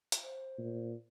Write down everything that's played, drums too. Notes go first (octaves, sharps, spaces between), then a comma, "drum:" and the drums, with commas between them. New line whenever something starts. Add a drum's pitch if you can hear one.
drum: hi-hat
C5
A#2